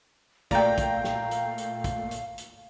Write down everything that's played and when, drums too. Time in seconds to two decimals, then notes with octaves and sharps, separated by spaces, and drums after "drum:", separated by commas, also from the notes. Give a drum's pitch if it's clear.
0.51 A#2 A3 D5 F5 G5 A#5, drum: kick, hi-hat
0.78 drum: kick, hi-hat
1.04 drum: snare
1.31 drum: hi-hat
1.58 drum: hi-hat
1.84 drum: kick, hi-hat
2.11 drum: hi-hat
2.38 drum: hi-hat